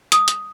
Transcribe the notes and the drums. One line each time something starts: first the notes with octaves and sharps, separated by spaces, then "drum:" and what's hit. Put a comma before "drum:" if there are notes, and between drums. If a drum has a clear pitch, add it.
D#6, drum: hi-hat
drum: hi-hat